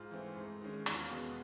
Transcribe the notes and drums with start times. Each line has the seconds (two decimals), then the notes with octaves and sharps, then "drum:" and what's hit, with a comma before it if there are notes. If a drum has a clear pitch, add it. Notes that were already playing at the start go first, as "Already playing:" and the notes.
Already playing: G#2 F4
0.11 E3 A3 C4
0.36 G#2
0.61 D#3 G#3 C#4
0.86 E2 F#4, drum: hi-hat
0.95 F4
1.03 F#4
1.11 B2 G#3 B3